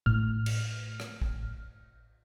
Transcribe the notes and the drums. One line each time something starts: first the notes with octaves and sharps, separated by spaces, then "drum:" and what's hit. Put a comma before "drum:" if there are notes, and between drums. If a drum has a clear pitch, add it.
A2 F6, drum: kick A1
drum: cymbal
drum: rim click
drum: kick A1